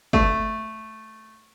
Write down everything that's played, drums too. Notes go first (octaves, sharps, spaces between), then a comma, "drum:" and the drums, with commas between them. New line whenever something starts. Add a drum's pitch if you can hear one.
A3, drum: kick